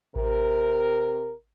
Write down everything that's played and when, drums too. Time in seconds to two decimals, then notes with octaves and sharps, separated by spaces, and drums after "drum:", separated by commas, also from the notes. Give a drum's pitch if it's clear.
0.16 C3 A#4, drum: kick A1